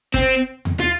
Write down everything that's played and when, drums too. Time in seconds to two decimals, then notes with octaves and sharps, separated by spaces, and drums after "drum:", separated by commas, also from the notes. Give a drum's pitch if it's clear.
0.14 C4, drum: kick
0.65 drum: tom E2
0.80 F4